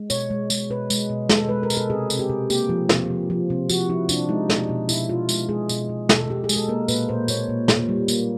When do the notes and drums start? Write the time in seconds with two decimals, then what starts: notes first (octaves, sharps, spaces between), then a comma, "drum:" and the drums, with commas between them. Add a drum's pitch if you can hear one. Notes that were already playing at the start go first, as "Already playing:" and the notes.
Already playing: G#3
0.10 B2 C#5, drum: tambourine
0.30 G#3
0.50 G#3, drum: tambourine
0.70 B2 B4
0.90 G#3, drum: tambourine
1.09 B2
1.29 G#3 A4, drum: snare
1.49 G#3 B4
1.63 A#4
1.70 B2, drum: tambourine
1.77 A4
1.90 C3 G#4
2.10 C3, drum: tambourine
2.19 G4
2.30 C3
2.50 A#3 G4, drum: tambourine
2.69 F3
2.89 C3, drum: snare
3.10 F3
3.30 F3
3.50 C3
3.70 F3 F#4, drum: tambourine
3.89 F3 E4
4.09 C3 D4, drum: tambourine
4.29 G#3 D#4
4.50 B2, drum: snare
4.69 B2
4.89 B2 E4, drum: tambourine
5.09 B2 F4
5.29 G#3, drum: tambourine
5.49 G#3 G#4
5.69 B2, drum: tambourine
5.89 B2
6.09 B2 A4, drum: snare
6.28 B2 G4
6.44 G#4
6.49 G#3, drum: tambourine
6.56 A4
6.69 A#3 A#4
6.88 A#2 B4, drum: tambourine
7.09 A#2 C5
7.28 A#2 C#5, drum: tambourine
7.49 A#2
7.68 A#2, drum: snare
7.89 G3
8.08 A#3, drum: tambourine